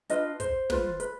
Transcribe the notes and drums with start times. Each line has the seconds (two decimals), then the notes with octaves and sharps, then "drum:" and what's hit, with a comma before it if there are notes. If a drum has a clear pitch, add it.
0.09 D4 F4 B4 D#5, drum: hi-hat
0.40 C5, drum: kick, hi-hat
0.70 F4 B4, drum: snare
1.00 B4, drum: hi-hat